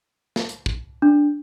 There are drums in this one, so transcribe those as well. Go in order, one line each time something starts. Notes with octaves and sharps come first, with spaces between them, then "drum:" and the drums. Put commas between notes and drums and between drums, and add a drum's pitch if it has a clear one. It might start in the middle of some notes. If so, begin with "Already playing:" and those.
drum: snare
drum: hi-hat
drum: kick
D4